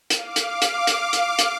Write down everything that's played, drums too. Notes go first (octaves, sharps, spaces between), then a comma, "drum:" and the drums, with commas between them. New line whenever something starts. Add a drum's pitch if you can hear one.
F5 D6, drum: hi-hat
drum: hi-hat
drum: hi-hat
drum: hi-hat
drum: hi-hat
drum: hi-hat